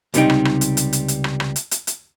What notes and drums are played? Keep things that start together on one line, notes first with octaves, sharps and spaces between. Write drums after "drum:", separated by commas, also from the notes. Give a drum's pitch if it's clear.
C#2 C3 G3 D#4 G5, drum: hi-hat
drum: rim click
drum: rim click
drum: hi-hat
drum: hi-hat
drum: hi-hat
drum: hi-hat
drum: rim click
drum: rim click
drum: hi-hat
drum: hi-hat
drum: hi-hat